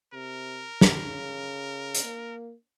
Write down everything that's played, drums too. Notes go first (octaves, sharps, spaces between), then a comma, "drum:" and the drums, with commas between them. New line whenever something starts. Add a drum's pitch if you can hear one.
C3 A#4
drum: snare
C#3
drum: hi-hat
A#3